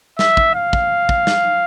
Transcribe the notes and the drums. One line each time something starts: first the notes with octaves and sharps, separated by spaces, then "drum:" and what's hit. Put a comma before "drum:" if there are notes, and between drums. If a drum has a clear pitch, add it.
E5, drum: snare
drum: kick
F5
drum: kick
drum: kick
drum: snare